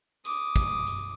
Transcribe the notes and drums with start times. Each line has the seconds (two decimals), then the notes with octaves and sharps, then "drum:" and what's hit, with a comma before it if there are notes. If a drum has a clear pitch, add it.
0.25 D6 D#6, drum: hi-hat
0.56 drum: kick, hi-hat
0.87 drum: hi-hat